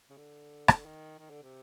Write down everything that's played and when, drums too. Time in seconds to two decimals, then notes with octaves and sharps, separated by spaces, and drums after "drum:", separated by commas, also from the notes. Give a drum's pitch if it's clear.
0.10 C#3
0.17 D3
0.68 drum: rim click
0.85 D#3
1.19 D#3
1.30 D3
1.43 C3